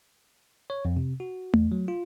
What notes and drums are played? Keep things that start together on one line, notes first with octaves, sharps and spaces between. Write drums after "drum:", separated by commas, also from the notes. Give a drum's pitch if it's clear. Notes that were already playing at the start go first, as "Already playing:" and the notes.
C#5
F2
C3
F#4
E2, drum: tom A3
F#3
F4